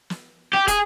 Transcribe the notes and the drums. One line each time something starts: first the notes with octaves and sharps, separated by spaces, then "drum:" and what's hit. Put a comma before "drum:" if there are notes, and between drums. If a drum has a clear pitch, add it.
drum: snare
G4
G#4, drum: kick, hi-hat